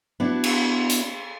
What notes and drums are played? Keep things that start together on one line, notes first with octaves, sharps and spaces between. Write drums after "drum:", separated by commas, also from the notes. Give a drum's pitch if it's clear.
B3 D4 E4 F#4
drum: cymbal
drum: hi-hat